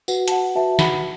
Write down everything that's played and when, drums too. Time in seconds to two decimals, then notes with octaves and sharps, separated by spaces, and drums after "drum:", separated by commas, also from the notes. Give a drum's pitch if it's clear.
0.08 F#4 B4 F#5, drum: tambourine
0.28 A5, drum: hi-hat
0.32 F#5
0.55 F#4 B4 E5 A5
0.79 F#5 B5, drum: snare